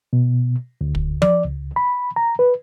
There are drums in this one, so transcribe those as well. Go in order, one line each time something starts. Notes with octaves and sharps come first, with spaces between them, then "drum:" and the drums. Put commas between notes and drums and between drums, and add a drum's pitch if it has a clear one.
B2
D2
drum: kick
D5, drum: tom F3
C#2
B5
A#5
B4